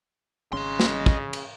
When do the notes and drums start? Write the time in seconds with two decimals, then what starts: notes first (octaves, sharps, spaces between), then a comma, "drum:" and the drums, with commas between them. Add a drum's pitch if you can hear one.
0.53 G#1 C#3 C#4 D#5 C6
0.80 drum: snare
1.06 drum: kick
1.33 drum: cymbal